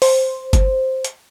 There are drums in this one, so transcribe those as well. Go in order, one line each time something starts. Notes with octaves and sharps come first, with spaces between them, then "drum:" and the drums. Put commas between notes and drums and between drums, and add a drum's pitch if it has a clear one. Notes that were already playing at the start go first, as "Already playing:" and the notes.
C5, drum: open hi-hat
drum: kick G1, hi-hat
drum: hi-hat